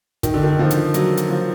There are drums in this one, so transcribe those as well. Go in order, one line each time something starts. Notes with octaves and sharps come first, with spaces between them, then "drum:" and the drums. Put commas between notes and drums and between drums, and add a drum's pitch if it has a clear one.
D#3, drum: kick, hi-hat
D3
D#3
F3
drum: hi-hat
F#3, drum: hi-hat
drum: hi-hat
F3